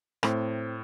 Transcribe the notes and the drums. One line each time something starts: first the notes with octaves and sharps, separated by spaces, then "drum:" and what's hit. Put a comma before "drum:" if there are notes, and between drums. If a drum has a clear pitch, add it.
A2 C4, drum: rim click